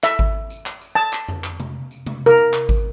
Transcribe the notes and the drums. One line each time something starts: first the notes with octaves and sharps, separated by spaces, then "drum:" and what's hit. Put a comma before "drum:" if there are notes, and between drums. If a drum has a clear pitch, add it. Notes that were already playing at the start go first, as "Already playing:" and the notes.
E5, drum: clap
drum: kick G#1
drum: tambourine
drum: clap
drum: tambourine
A5
drum: clap
drum: tom F2
drum: clap
drum: tom C3
drum: tambourine
drum: tom C3
A#4
drum: tambourine
drum: clap
drum: kick G#1, tambourine